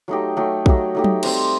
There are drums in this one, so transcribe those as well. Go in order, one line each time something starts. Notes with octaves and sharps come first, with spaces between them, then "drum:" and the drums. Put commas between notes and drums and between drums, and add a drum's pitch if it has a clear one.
F#3 A3 D#4 G4
F#3 A3 D#4 G4
F#3 A3 D#4 G4, drum: kick A#1
F#3 A3 D#4 G4
drum: tom F#3
G3 C4 G4 C5, drum: cymbal